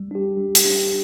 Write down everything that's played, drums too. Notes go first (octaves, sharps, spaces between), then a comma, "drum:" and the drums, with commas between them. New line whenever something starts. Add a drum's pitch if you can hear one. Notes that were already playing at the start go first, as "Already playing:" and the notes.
Already playing: G3
D4 G4
G3
drum: hi-hat
D4 G4